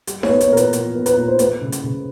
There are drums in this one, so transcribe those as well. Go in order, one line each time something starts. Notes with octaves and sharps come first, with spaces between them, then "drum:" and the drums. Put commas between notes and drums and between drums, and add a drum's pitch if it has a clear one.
G3, drum: hi-hat
C#5, drum: snare D#4
B3
C#5, drum: hi-hat
A#2 A#4
B4, drum: hi-hat
A#2, drum: hi-hat
B3
B4, drum: hi-hat
A#2
C5
A3 B4, drum: hi-hat
C#3
drum: hi-hat
C#3